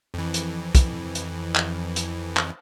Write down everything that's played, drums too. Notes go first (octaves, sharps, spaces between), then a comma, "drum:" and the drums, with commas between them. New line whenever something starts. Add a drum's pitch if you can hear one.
F2 E3
drum: hi-hat
drum: kick, hi-hat
drum: hi-hat
drum: clap
drum: hi-hat
drum: clap